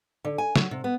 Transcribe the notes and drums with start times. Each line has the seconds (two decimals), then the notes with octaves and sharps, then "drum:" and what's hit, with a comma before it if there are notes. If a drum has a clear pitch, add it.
0.25 D3
0.38 G#5
0.56 F#3, drum: snare
0.71 C3
0.84 B3